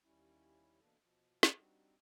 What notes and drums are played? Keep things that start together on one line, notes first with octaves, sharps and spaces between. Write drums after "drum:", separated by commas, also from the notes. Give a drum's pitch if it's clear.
D#2 G3 C#4 E4
B2 E3 A#3 D4 A4
B2 F3
drum: snare
G3 C4 D4 D#4 F#4 G4